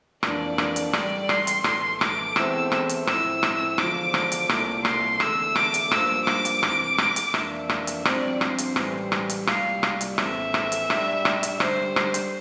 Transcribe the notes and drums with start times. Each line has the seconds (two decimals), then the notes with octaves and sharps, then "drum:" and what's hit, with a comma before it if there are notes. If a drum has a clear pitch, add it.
0.23 F2 E3 A#3 D4 D5, drum: rim click
0.58 drum: rim click
0.76 drum: hi-hat
0.93 A1 A2 G3 D5, drum: rim click
1.29 C6, drum: rim click
1.47 drum: hi-hat
1.64 A#1 A2 E3 A3, drum: rim click
2.01 D6, drum: rim click
2.36 E2 E3 A3 C4 E4 E6, drum: rim click
2.72 drum: rim click
2.89 drum: hi-hat
3.07 A2 F3 C4 E4 E6, drum: rim click
3.43 drum: rim click
3.78 E2 D3 F3 D6, drum: rim click
4.14 drum: rim click
4.32 drum: hi-hat
4.49 C2 A#2 A3, drum: rim click
4.85 C6, drum: rim click
5.20 E2 D3 A3 E6, drum: rim click
5.56 D6, drum: rim click
5.74 drum: hi-hat
5.91 G2 F3 A#3 E6, drum: rim click
6.27 D6, drum: rim click
6.45 drum: hi-hat
6.63 C2 C3 E3, drum: rim click
6.98 drum: rim click
7.16 drum: hi-hat
7.34 F2 E3 A#3 D4 E5, drum: rim click
7.69 drum: rim click
7.87 drum: hi-hat
8.05 G2 F3 C4 D5, drum: rim click
8.41 C5, drum: rim click
8.58 drum: hi-hat
8.76 A1 A2 E3 G3, drum: rim click
9.12 drum: rim click
9.29 drum: hi-hat
9.47 C2 A#2 G3 F5, drum: rim click
9.83 drum: rim click
10.01 drum: hi-hat
10.18 A#1 A2 E3 A3 C4 E5, drum: rim click
10.54 drum: rim click
10.72 drum: hi-hat
10.90 A2 G3 D4, drum: rim click
11.25 drum: rim click
11.43 drum: hi-hat
11.60 G2 D3 G3 C5, drum: rim click
11.96 drum: rim click
12.14 drum: hi-hat